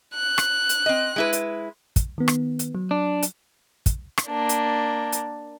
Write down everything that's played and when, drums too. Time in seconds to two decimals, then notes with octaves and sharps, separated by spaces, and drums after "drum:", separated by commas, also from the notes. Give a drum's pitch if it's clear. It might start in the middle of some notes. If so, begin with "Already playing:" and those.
0.15 F#6
0.38 drum: rim click
0.69 drum: hi-hat
0.86 C4 D#5
1.16 G#3 E4 B4
1.33 drum: hi-hat
1.96 drum: kick, hi-hat
2.18 D#3 B3
2.28 drum: rim click
2.59 drum: hi-hat
2.75 F#3
2.91 D4
3.23 drum: hi-hat
3.86 drum: kick, hi-hat
4.18 drum: rim click
4.27 A#3 D4
4.49 drum: hi-hat
5.12 drum: hi-hat